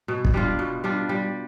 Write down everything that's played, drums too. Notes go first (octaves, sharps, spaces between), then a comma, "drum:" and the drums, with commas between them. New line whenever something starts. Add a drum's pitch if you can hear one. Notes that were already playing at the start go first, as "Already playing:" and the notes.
B2
drum: kick
G3 D4 F4
B2
G3 D4 F4
G3